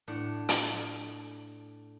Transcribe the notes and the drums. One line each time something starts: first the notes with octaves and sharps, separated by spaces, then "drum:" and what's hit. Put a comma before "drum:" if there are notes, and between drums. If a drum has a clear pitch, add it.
A2 D4 F#5
drum: hi-hat